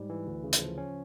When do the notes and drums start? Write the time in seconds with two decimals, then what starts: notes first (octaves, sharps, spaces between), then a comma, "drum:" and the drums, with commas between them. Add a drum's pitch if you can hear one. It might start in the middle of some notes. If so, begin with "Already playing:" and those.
Already playing: G#2 G3
0.10 E3
0.27 D2
0.43 C#3
0.53 drum: hi-hat
0.62 F3
0.78 C#4